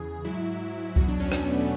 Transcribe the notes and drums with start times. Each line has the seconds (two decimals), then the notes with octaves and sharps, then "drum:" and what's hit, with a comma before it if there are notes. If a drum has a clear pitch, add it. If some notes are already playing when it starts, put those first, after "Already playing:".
Already playing: E2 C#3 E3 G#4
0.25 G#2 F#3 E4
0.96 E2 B2 F#3 F#4, drum: kick C2
1.08 D4
1.20 C#4
1.32 B3, drum: rim click
1.50 A3